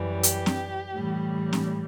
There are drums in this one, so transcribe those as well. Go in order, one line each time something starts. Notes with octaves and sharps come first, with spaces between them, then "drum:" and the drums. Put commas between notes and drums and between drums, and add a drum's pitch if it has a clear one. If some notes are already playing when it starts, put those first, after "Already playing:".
Already playing: F#2 E3 G3
G4, drum: hi-hat
drum: snare C4
A2 E3 G3
drum: snare C4